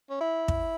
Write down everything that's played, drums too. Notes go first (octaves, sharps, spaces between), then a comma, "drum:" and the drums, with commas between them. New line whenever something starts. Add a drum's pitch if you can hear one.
C#4
E4
drum: kick